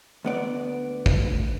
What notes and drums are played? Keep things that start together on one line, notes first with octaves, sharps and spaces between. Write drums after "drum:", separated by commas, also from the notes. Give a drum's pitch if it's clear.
D2 B3 D5
drum: kick